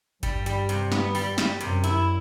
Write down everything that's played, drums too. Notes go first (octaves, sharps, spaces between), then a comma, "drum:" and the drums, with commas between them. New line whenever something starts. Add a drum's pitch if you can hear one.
G2 G3, drum: kick G#1, hi-hat
G3, drum: hi-hat
C3, drum: hi-hat
B3, drum: snare
G3, drum: open hi-hat
G3, drum: snare
F#2 C3, drum: hi-hat
E4, drum: hi-hat